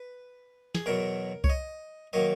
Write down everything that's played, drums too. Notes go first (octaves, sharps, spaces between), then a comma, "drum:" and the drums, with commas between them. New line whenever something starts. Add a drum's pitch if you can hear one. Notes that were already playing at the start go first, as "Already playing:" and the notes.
Already playing: B4
G#4, drum: snare
E2 B2 F#3 A#4
C#5, drum: kick C2
D#5
D#3 F#3 A#3 D#5